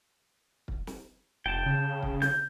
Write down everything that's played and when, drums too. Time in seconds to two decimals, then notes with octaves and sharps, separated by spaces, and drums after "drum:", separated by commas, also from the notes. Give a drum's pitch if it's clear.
0.68 drum: kick
0.87 drum: snare
1.46 F1 G5 A5
1.66 C#3
2.03 drum: kick
2.22 G6, drum: snare